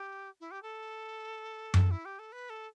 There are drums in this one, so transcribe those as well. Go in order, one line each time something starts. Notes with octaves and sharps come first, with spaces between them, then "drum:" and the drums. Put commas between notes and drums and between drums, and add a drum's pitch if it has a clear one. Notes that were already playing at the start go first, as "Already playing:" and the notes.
Already playing: G4
E4
G4
A4
drum: tom F#2
E4
G4
A4
B4
A4